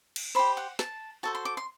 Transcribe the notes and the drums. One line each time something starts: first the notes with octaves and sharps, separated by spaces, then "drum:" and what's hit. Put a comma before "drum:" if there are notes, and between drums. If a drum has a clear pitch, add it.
drum: cymbal
G4 C5 B5
F#5
A5, drum: snare
F#4 A4 C5 A5
C6
D6
C6